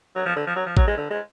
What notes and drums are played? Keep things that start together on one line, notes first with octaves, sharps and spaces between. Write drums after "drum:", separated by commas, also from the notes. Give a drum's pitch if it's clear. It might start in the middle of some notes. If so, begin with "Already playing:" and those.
F#3
F3
D3
F3
F#3
F3
F#3, drum: kick A1
G#3
D3
G#3